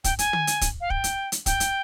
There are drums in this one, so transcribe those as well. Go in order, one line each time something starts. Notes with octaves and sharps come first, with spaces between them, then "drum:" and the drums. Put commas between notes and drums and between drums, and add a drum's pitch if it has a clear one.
G5, drum: kick, hi-hat
G#5, drum: hi-hat
drum: tom
drum: hi-hat
drum: kick, hi-hat
F5
G5, drum: kick
drum: hi-hat
drum: hi-hat
G5, drum: kick, hi-hat
drum: hi-hat